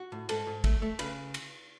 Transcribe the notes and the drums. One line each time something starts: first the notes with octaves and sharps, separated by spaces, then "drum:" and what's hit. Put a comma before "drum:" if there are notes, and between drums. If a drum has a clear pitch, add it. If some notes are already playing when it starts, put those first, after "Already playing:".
Already playing: F#4
A2
G#2 A4, drum: cymbal
G#2
A3, drum: kick, cymbal
A3
C#3 B4, drum: cymbal
drum: cymbal